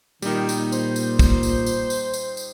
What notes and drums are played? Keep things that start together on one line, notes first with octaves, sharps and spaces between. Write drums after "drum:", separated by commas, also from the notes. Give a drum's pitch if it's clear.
A#2 D#3 G3 D#4, drum: tambourine
drum: tambourine
C5, drum: tambourine
drum: tambourine
drum: kick, tambourine
drum: tambourine
drum: tambourine
drum: tambourine
drum: tambourine
drum: tambourine